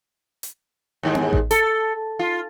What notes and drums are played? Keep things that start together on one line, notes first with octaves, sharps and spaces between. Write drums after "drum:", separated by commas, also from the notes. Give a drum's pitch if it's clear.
drum: hi-hat
D#2 G#2 G#3
drum: tom B3
drum: kick A1
A4, drum: hi-hat
F4